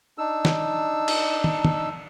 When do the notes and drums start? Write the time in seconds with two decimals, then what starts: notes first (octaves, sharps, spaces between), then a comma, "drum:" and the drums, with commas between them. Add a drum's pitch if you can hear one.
0.18 D4 D#4 E6
0.45 drum: snare
1.08 drum: cymbal
1.44 drum: tom
1.65 drum: tom